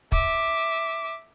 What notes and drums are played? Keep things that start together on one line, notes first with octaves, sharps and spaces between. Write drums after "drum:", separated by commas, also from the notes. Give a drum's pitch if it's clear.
E5 D6, drum: kick